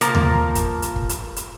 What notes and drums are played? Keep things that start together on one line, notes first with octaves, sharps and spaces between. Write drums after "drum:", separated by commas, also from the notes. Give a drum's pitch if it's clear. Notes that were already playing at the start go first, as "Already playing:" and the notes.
F3 A#3 A#5, drum: hi-hat
drum: tom D#2
drum: kick, hi-hat
drum: hi-hat
drum: kick
drum: hi-hat
drum: hi-hat